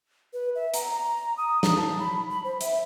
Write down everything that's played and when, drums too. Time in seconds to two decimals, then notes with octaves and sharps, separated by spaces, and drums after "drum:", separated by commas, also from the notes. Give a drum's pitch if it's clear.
0.33 B4
0.55 E5
0.74 A#5, drum: hi-hat
0.94 A#5
1.38 D#6
1.63 A#5, drum: snare
1.77 A5
1.99 B5
2.30 B5
2.44 C5
2.61 E5, drum: hi-hat